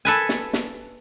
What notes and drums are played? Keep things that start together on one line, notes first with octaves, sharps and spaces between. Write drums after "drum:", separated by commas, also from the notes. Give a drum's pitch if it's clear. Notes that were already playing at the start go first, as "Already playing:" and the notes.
A4 B4 G#5
drum: snare
drum: snare